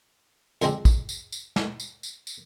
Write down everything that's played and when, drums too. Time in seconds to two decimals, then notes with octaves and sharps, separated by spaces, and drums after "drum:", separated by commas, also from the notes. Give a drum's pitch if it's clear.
0.62 F2 D3 G#3 C4 D4, drum: tambourine
0.85 drum: kick, tambourine
1.09 drum: tambourine
1.32 drum: tambourine
1.56 drum: snare
1.80 drum: tambourine
2.03 drum: tambourine
2.27 drum: tambourine